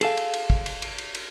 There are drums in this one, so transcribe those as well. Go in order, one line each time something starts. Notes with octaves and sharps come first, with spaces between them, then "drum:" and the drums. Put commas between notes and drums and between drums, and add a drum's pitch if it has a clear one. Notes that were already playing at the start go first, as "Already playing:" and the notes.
G#4 A4 F5, drum: cymbal
drum: cymbal
drum: cymbal
drum: kick
drum: cymbal
drum: cymbal
drum: cymbal
drum: cymbal